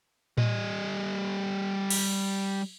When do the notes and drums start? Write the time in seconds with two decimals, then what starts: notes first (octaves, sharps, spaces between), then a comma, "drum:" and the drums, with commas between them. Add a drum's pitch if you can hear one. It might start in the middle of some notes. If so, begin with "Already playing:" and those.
0.38 G3 D#5, drum: tom A2
1.90 drum: cymbal